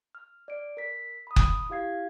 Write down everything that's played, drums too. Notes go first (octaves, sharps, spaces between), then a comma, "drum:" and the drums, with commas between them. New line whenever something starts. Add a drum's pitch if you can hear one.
F6
D5 D7
A#4 B6
B5 D#6
drum: kick F#1
E4 G4 F5 G#6 C7